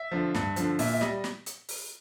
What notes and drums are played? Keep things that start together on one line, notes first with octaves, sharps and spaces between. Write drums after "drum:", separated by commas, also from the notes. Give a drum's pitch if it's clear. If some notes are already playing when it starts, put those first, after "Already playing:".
Already playing: E5
D3 F3
G2, drum: snare
D3 F3, drum: hi-hat
A#2 E5, drum: open hi-hat
E5
G3 D#5, drum: snare
drum: snare
drum: hi-hat
drum: open hi-hat